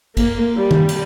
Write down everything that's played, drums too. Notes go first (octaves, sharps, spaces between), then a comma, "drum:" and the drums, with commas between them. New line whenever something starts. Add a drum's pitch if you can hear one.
A#3, drum: kick, cymbal
G3
drum: tom D#3
drum: cymbal